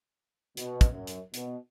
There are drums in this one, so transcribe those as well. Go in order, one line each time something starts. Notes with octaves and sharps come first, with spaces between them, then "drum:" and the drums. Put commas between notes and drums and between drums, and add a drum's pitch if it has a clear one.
B2, drum: hi-hat
drum: kick, hi-hat
F#2
drum: hi-hat
B2, drum: hi-hat